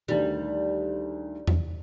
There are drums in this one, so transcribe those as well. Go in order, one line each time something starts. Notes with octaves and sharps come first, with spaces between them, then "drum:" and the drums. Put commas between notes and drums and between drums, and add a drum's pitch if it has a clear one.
D2 D#3 G3
drum: tom E2